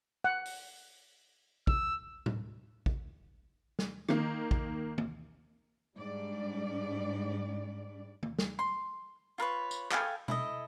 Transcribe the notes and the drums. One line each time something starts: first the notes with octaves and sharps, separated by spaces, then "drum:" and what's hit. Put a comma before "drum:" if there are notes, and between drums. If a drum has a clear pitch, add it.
F#5
drum: open hi-hat
E6, drum: kick
drum: tom A2
drum: kick
drum: snare
D#3 A#3, drum: rim click
drum: kick
drum: tom
G#2 G3 D4 D5
drum: tom
drum: snare
C6
F4 A#4 B4 C#5
drum: tambourine
A4 F5 G5 G#5, drum: clap
E4 A4 D#5, drum: tom B2